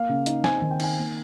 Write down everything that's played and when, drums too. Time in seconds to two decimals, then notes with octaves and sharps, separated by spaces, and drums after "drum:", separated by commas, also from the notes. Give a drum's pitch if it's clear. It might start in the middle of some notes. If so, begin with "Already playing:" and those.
Already playing: A#3 F5
0.09 C#3
0.26 D#4, drum: hi-hat
0.44 C4 G#5, drum: snare
0.58 D#3 G#5
0.71 G5
0.80 D#4 G#5, drum: cymbal
0.97 A#3